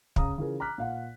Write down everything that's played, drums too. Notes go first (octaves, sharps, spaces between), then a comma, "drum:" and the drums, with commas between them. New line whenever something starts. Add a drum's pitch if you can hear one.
C#3 F5 A#5 D#6, drum: kick
C#3 E3 F4 G#4 A#4
A#5 D6 F6 F#6 B6
A#2 F5 F#5